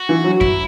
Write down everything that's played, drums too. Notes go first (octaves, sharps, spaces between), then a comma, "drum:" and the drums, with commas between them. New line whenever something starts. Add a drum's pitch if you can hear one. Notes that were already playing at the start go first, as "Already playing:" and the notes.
Already playing: F#4
E3
F#3
E4, drum: kick F#2